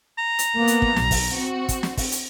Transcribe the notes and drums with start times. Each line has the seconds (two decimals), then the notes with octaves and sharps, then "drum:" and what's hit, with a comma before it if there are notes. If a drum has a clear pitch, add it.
0.18 A#5
0.39 drum: hi-hat
0.57 A#3 B3
0.68 drum: hi-hat
0.82 drum: kick
0.96 B1, drum: snare
1.11 drum: kick, open hi-hat
1.32 C4 F#4
1.69 drum: kick, hi-hat
1.83 drum: snare
1.97 drum: kick, open hi-hat
2.12 drum: hi-hat